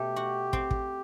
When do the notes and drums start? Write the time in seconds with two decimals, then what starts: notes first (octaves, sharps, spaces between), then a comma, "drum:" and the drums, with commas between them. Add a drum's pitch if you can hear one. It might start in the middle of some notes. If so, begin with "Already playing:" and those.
Already playing: B2 A3 G4
0.16 F#4
0.53 C4, drum: kick
0.71 drum: kick